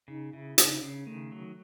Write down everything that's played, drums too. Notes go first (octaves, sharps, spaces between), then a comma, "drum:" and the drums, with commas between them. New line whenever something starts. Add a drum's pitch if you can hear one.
C#3 D#4
C#3 E4
C#3 D#4, drum: hi-hat
C#3 C#4
D#3 A3
F#3